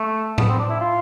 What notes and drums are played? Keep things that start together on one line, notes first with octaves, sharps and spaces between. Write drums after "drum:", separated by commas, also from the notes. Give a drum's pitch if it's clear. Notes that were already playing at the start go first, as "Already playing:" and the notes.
Already playing: A3
B3, drum: tom A2
C4
D4
E4
F4